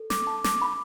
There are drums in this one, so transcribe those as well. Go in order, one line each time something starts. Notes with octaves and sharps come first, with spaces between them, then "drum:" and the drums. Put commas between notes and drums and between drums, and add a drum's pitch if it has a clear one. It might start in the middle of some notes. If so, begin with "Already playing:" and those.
Already playing: A4
D6, drum: snare
A5
D6, drum: snare
B5